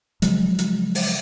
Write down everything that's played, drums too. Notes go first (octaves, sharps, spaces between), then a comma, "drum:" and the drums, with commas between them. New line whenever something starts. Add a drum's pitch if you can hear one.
C#3 F3 F#3 G#3, drum: hi-hat
drum: hi-hat
drum: open hi-hat